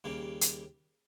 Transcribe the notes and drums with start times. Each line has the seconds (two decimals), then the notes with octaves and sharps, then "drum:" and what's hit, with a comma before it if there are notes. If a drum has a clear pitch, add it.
0.04 D#2 C#3 G3 A#3
0.41 drum: hi-hat